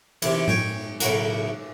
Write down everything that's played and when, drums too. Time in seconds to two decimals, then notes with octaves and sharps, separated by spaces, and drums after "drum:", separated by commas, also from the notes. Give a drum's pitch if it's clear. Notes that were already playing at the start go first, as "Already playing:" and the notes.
0.22 E2 C3, drum: cymbal
0.48 C#5 G5, drum: tom A2
1.00 B1 A2 C#3 F#4 A#4, drum: hi-hat